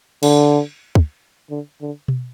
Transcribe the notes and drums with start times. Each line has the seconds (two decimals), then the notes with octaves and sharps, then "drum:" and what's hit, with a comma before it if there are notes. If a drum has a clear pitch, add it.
0.23 D3, drum: cymbal
0.95 drum: kick
1.50 D3
1.82 D3
2.08 drum: tom B2